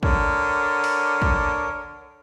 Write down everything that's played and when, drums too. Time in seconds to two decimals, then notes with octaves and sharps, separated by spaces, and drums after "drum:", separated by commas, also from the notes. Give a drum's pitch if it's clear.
0.03 D3 A#4 C#5, drum: kick
0.84 drum: open hi-hat
1.22 drum: kick